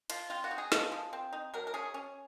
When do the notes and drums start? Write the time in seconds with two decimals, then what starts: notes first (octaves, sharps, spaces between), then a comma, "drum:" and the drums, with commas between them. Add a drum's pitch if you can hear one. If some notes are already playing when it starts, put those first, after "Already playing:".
0.10 F3 F4, drum: cymbal
0.30 C4 F4
0.44 F#4
0.51 D#4
0.58 G#4
0.72 F3, drum: snare
0.92 F3
1.13 C4
1.33 D#4
1.54 F#3 A#4
1.67 A#4
1.74 C#4 G#4
1.94 C#4